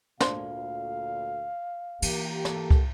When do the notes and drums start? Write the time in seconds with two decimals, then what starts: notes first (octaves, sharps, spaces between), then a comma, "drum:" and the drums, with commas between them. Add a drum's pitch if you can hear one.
0.21 D2 A#2 D4 C5 F5, drum: snare
2.02 E3 A#3 G4, drum: cymbal
2.45 A4, drum: snare
2.71 drum: kick